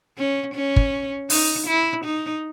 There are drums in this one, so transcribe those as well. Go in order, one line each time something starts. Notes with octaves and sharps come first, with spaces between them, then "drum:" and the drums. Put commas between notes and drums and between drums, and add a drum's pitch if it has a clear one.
C#4
C#4
drum: kick
D#4, drum: open hi-hat
E4
D#4